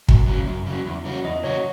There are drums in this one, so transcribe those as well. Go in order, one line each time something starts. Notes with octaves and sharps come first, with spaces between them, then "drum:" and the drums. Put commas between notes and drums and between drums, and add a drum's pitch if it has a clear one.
F#2, drum: kick
C#3 F#3
F#2
C#3 F#3
E2
C#3 F#3 C#4 F#4
E2 D#5
C#3 F#3 C#4 F#4 C#5